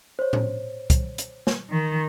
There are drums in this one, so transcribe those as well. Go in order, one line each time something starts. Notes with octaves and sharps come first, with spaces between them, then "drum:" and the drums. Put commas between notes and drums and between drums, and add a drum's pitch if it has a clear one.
C5 C#5
drum: tom A2
drum: kick, hi-hat
drum: hi-hat
drum: snare
D#3